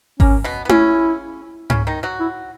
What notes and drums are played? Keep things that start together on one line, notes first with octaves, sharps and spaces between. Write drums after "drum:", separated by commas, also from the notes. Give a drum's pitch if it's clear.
A#3 C#4, drum: kick G#1
B2 B3
B3
C#3 C#4 E4, drum: tom E4
C#3 C#4, drum: tom G#2
D#3 D#4
F#3 F#4
E4